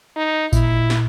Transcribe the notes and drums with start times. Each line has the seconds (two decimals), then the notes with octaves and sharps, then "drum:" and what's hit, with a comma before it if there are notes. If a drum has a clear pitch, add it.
0.16 D#4
0.53 A#2 E4, drum: kick G#1, tambourine
0.90 drum: snare